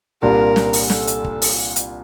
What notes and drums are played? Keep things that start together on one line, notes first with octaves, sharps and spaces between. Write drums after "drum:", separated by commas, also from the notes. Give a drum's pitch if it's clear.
C2 A#2 G3 D4 F4 A#4
drum: snare
drum: open hi-hat
A4, drum: snare
drum: hi-hat
drum: kick
drum: open hi-hat
drum: hi-hat